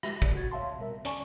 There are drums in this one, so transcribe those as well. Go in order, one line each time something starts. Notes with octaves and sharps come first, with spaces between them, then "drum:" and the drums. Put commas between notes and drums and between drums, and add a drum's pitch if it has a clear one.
G#3 G4 E5, drum: rim click
D5, drum: kick
F#4 G#6 A6
C#5 E5 F5 A5 C6
B2 G3 A#4 E5
D2 C#4 D5 G#5 A5 C#6, drum: hi-hat